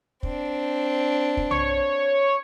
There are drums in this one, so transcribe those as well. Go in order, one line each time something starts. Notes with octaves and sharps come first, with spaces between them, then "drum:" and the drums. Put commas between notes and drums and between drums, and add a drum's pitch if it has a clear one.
C4 D4, drum: kick
drum: kick
C#5, drum: tom B1